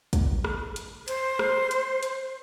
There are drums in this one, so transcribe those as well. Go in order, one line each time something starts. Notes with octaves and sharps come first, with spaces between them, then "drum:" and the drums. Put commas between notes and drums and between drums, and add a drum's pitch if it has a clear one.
drum: kick, hi-hat
drum: rim click
drum: hi-hat
C5, drum: hi-hat
drum: rim click
drum: hi-hat
drum: hi-hat